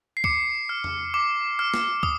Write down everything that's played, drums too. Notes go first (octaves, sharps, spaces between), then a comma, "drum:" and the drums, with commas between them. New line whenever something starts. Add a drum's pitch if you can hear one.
C7
D6 C#7, drum: kick
F6
drum: tom E2
D6
F6
drum: snare
D#6, drum: kick